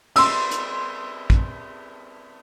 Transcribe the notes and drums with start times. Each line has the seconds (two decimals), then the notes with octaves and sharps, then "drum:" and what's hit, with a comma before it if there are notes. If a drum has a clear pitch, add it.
0.16 C6 E6, drum: cymbal
0.51 drum: hi-hat
1.30 drum: kick